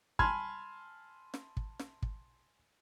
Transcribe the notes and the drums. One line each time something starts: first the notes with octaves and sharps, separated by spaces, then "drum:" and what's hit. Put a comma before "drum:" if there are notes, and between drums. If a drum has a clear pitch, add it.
G#5 A5 B5 C6 F6 G#6, drum: kick
drum: snare
drum: kick
drum: snare
drum: kick